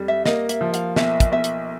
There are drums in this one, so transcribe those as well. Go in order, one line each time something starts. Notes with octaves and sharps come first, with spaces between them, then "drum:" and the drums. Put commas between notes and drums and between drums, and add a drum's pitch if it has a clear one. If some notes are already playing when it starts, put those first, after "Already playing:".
Already playing: F2 G3
E5
A#3 D#5, drum: snare
E5, drum: hi-hat
F3
F5, drum: hi-hat
B1 E5, drum: snare
drum: kick, hi-hat
B1 E5
drum: hi-hat